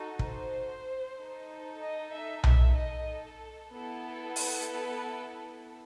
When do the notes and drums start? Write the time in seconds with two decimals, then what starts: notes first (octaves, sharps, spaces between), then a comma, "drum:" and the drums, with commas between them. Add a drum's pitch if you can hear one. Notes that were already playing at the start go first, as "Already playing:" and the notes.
Already playing: D#4 F#4 A4
0.19 C5, drum: kick
1.15 D#4 A4
1.79 D#5
2.12 E5
2.44 E5, drum: tom B1
2.76 D#5
3.08 A4
3.72 B3 E4 A4
4.36 B4, drum: open hi-hat